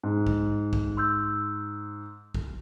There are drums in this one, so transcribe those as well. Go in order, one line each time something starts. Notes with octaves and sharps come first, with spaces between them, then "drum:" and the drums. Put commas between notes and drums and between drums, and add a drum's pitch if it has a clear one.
G#2
drum: kick
drum: kick
C6 E6 G6
drum: kick